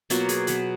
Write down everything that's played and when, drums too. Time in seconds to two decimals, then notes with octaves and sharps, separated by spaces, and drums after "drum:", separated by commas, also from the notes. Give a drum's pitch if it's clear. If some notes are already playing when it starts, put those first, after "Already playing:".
0.10 B2 F#3 A#3 F4 F#4, drum: hi-hat
0.29 G#4, drum: hi-hat
0.47 B2 F#3 B3 B4, drum: hi-hat